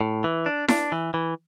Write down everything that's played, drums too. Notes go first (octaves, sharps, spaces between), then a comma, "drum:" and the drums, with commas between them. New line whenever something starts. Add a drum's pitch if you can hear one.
A2
E3
D4
D4, drum: snare E4
E3
E3